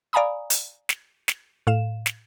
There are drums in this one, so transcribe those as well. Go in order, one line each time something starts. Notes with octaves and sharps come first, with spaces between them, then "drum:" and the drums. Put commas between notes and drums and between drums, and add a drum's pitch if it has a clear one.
D5 F5 G#5 A#5 B5 D#6
drum: hi-hat
drum: snare
drum: snare
A2 F5 E7
drum: snare